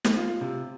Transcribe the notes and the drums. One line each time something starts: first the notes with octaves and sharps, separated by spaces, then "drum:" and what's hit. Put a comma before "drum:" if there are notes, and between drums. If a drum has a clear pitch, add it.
drum: snare
F4
C3